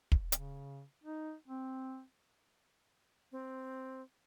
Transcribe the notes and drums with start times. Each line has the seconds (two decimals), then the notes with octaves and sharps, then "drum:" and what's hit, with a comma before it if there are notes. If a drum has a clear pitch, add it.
0.12 drum: kick
0.32 C#3, drum: hi-hat
1.04 D#4
1.48 C4
3.32 C4